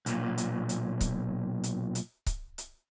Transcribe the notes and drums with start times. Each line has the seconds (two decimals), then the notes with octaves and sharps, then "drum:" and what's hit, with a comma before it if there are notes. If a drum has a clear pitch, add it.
0.06 B1 A#2, drum: hi-hat
0.38 drum: hi-hat
0.69 drum: hi-hat
1.01 drum: kick C#1, hi-hat
1.64 drum: hi-hat
1.95 drum: hi-hat
2.26 drum: kick C#1, hi-hat
2.58 drum: hi-hat